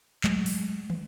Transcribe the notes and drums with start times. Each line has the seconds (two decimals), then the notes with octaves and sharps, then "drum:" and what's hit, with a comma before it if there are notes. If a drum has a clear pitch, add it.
0.24 F#3 G#3 A3, drum: clap
0.46 drum: open hi-hat
0.90 drum: tom